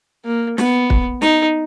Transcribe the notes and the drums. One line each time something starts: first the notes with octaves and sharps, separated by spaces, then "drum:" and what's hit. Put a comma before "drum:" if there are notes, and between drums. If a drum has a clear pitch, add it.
A#3
B3, drum: snare
drum: kick
D#4, drum: snare